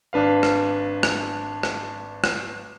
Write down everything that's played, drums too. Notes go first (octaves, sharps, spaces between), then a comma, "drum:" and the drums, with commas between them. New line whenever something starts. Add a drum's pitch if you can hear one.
G#1 D4 B4 F5
drum: rim click
drum: rim click
drum: rim click
drum: rim click